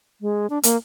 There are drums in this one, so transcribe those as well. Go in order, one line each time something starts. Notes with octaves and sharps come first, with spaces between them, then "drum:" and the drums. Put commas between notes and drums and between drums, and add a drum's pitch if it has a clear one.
G#3
D4
A#3, drum: hi-hat